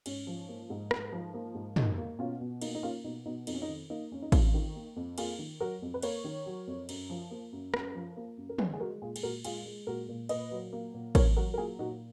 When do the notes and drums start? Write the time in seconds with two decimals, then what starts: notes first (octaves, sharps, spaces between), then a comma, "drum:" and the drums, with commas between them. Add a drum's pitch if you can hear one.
0.06 G#2 C#4, drum: cymbal
0.27 F3
0.49 A#3
0.70 G#2
0.91 G#2, drum: rim click
1.12 F3
1.34 A#3
1.55 G#2
1.76 A#3 D#4, drum: tom
1.98 A#3
2.19 B2 C#4 F4
2.40 B2
2.61 A#3 D#4, drum: cymbal
2.75 D#4
2.83 A#3 C#4 F4
3.04 B2 D#4
3.26 B2 D#4
3.47 F2 D#4, drum: cymbal
3.55 C#4
3.62 D#4
3.68 D#3
3.90 A#3 D#4
4.11 F2 C#4
4.22 D#4
4.32 F2 C#4 F4, drum: kick, cymbal
4.54 D#3
4.75 A#3
4.96 F2
5.18 A#3 F4 G#4, drum: cymbal
5.39 D#3
5.60 F#3 F#4 A#4
5.82 F2
5.94 B4
6.02 A#3 A#4 C#5, drum: cymbal
6.24 D#3
6.46 F#3
6.67 F2
6.89 F#2, drum: cymbal
7.10 F3
7.31 A#3
7.52 F#2
7.74 F#2, drum: rim click
7.95 F3
8.17 A#3
8.37 F#2
8.49 A#4
8.58 G#3 G#4 B4, drum: tom
8.73 G#4
8.80 G#3 F#4 A#4
9.02 A#2 F4 G#4
9.16 G#4, drum: cymbal
9.23 A#2 F#4 A#4
9.44 G#3 F4 G#4, drum: cymbal
9.65 G#3
9.87 A#2 F#4 A#4
10.09 A#2
10.29 A#2 B4 D#5, drum: cymbal
10.51 F#3
10.73 A#3
10.94 A#2
11.15 A#2 A#4 C#5, drum: kick, cymbal
11.36 F#3 F#4 A#4
11.54 A#4
11.58 A#3 F4 G#4
11.79 A#2 D#4 F#4